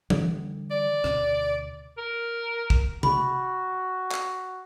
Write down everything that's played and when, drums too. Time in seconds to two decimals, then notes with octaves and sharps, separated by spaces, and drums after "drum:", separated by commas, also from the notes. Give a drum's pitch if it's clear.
0.10 D3 E3 G3, drum: tom
0.71 D5
1.04 D2 B2, drum: rim click
1.98 A#4
2.70 drum: kick
3.03 F#4 B5, drum: tom C3
4.12 drum: clap